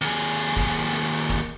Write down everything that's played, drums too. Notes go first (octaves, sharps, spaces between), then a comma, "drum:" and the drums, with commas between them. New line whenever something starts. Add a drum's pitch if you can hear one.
D#2 G#4
drum: kick, hi-hat
drum: hi-hat
drum: kick, hi-hat